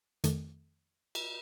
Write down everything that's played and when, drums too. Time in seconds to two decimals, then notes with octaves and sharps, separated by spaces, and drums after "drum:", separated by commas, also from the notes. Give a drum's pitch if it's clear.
0.24 F2 D#3 A3, drum: hi-hat
1.15 drum: cymbal